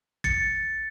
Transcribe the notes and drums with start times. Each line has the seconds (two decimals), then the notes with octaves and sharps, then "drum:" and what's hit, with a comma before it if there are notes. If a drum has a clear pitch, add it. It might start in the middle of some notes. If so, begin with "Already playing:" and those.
0.24 A6 C#7, drum: kick